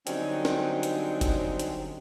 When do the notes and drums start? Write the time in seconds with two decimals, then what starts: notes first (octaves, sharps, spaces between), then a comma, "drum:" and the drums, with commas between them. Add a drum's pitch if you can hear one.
0.07 D3 F#3 G3 C4 C#4 D#4, drum: hi-hat
0.45 drum: snare
0.83 drum: hi-hat
1.21 drum: kick F#1, hi-hat
1.60 drum: hi-hat